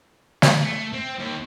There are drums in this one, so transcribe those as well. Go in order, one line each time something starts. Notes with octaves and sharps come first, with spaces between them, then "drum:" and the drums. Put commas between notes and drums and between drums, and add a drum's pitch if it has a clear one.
drum: snare
A3
C4
D#2